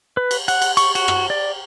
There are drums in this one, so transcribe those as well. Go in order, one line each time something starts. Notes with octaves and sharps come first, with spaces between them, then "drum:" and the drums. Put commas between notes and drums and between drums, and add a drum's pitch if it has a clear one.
B4
drum: cymbal
F#5, drum: cymbal
drum: cymbal
C#6, drum: cymbal
F#4, drum: cymbal
drum: rim click
D5